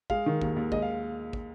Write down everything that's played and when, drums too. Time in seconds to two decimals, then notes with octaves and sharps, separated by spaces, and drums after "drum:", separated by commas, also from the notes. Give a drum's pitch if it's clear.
0.10 G#3 F5, drum: kick
0.26 D#3
0.41 D#2, drum: kick
0.56 D#2
0.72 G#3 D#5, drum: kick
0.82 F5
1.33 drum: kick